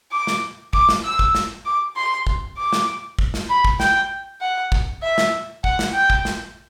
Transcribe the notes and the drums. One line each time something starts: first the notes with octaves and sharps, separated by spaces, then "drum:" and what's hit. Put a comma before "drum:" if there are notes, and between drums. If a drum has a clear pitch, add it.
D6
drum: snare
D6, drum: kick
drum: snare
E6
drum: kick
drum: snare
D6
C6
drum: kick
D6
drum: snare
drum: kick
drum: snare
B5
drum: kick
G5, drum: snare
F#5
drum: kick
E5
drum: snare
F#5, drum: kick
drum: snare
G5
drum: kick
drum: snare